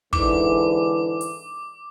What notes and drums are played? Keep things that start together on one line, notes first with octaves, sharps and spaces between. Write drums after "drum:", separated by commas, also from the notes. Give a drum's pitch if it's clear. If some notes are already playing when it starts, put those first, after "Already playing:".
G#2 D3 E3 D6, drum: kick
drum: hi-hat